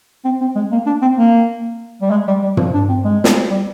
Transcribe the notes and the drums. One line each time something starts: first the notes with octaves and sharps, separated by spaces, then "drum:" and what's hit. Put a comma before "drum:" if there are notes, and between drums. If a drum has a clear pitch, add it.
C4
C4
G#3
A#3
D4
C4
A#3
G3
G#3
G3
G3
F3, drum: tom
D4
C4
G#3
drum: snare
G3